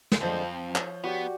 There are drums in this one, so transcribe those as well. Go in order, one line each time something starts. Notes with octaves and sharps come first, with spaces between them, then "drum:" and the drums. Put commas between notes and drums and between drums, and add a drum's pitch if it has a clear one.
drum: snare
F2 D3 F3 G#3 C5 A5
C4
C#5, drum: clap
B3 F#4 G4 D5